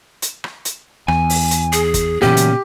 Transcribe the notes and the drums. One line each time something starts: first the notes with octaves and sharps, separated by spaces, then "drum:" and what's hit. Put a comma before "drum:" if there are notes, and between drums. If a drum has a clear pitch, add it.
drum: hi-hat
drum: rim click
drum: hi-hat
E2 G#5, drum: rim click
drum: open hi-hat
drum: hi-hat
G#4, drum: hi-hat
drum: kick, hi-hat
A#2 C#3 E3 F#3 B3 C#4 G4
drum: hi-hat